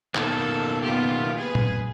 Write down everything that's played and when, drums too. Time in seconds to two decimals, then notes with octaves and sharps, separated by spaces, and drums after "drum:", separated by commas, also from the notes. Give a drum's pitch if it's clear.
0.15 B2 D#3 A#3 A4, drum: clap
0.82 B3 F4 G4
1.37 G#4 B4
1.55 drum: tom A#2